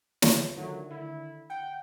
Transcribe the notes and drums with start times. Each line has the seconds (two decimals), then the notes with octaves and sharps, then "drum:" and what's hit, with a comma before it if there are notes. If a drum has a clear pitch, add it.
0.22 F4 B4 C#5, drum: snare
0.57 D3 D#3 F#3 A3
0.91 D3 E4
1.50 F#5 G5